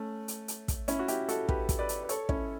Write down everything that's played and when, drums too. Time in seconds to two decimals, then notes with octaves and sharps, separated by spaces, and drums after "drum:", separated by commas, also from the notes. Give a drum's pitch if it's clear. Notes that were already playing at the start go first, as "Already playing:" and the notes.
Already playing: A3 C#4
0.28 drum: hi-hat
0.48 drum: hi-hat
0.68 drum: kick, hi-hat
0.88 C#4 E4, drum: hi-hat
0.99 F#4
1.08 E4 G4, drum: hi-hat
1.29 F#4 A4, drum: hi-hat
1.49 G4 B4, drum: kick
1.69 drum: kick, hi-hat
1.79 B4 D5
1.89 drum: hi-hat
2.03 B4
2.09 A4 C#5, drum: hi-hat
2.29 C#4 E4, drum: kick